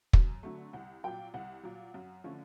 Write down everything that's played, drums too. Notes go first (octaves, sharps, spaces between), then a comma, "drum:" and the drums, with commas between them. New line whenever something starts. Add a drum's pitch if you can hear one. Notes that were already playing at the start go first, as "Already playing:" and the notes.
F#2, drum: kick
D3 F#3 A3
C2 F#5
A#2 F#3 G5
C2 F#5
A#2 F#3
F#2
D3 F3 A3 C#4